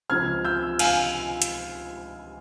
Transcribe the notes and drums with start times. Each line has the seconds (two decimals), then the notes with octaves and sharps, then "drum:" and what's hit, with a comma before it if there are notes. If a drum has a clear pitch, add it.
0.10 C#2 C#3 F3 C4 F6 G#6
0.45 E6 G6
0.79 F5 G#5, drum: cymbal
1.42 drum: hi-hat